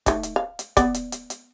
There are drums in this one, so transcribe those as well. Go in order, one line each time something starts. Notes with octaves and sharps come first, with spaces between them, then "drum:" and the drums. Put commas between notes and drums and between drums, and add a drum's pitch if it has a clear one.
A3 D#4, drum: kick, hi-hat
drum: hi-hat
F5
drum: hi-hat
B3 D5, drum: kick, hi-hat
drum: hi-hat
drum: hi-hat
drum: hi-hat